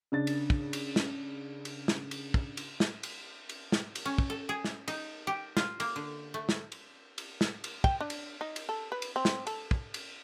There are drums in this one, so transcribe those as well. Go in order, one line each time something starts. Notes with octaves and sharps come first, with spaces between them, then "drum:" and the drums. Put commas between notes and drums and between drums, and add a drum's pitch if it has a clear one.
C#3 D4 A6
drum: cymbal
drum: kick
drum: cymbal
drum: snare
drum: cymbal
drum: snare
drum: cymbal
drum: kick
drum: cymbal
drum: snare
drum: cymbal
drum: cymbal
drum: snare
drum: cymbal
C#4
drum: kick
A4
G#4
drum: snare
D#4, drum: cymbal
G4
F4, drum: snare
A#3, drum: cymbal
D3
A3
drum: snare
drum: cymbal
drum: cymbal
drum: snare
drum: cymbal
G5, drum: kick
D4
drum: cymbal
D#4
drum: cymbal
A4
B4
drum: cymbal
C4
drum: snare
A4, drum: cymbal
drum: kick
drum: cymbal